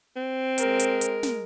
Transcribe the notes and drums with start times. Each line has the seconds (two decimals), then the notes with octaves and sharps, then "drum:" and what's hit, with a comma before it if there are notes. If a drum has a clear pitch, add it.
0.16 C4
0.58 G#3 A#4, drum: hi-hat
0.79 drum: hi-hat
1.01 drum: hi-hat
1.23 drum: snare